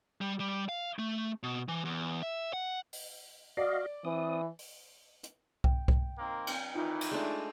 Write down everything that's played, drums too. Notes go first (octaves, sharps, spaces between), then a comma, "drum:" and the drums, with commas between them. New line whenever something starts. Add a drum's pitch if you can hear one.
G3
G3
F5
A3
B2
E3
E2
E5
F#5
drum: open hi-hat
F#4 D5 D#5 F5
E3 C4 D#6
drum: open hi-hat
drum: hi-hat
G5, drum: kick C2
drum: kick C2
D#3 A#3 C4
drum: cymbal
D#3 E3 D#4 F4
drum: cymbal
G#3 A3 D4